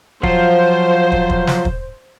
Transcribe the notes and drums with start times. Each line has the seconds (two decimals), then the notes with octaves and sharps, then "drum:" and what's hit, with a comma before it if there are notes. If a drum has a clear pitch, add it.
0.23 F3 F#3 F4 C5, drum: kick
1.12 drum: kick
1.30 drum: kick
1.47 drum: snare
1.65 drum: kick